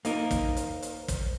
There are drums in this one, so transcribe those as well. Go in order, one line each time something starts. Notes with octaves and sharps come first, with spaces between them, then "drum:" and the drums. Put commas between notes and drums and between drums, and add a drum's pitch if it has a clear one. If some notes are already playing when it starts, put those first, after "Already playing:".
A#3 D#4 A#4, drum: hi-hat
drum: kick, hi-hat
drum: hi-hat
drum: hi-hat
drum: kick, hi-hat